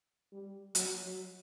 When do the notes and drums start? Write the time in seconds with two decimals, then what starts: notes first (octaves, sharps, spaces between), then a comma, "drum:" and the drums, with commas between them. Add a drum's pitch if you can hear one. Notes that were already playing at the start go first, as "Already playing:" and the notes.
0.32 G3
0.75 F#3, drum: hi-hat
1.03 F#3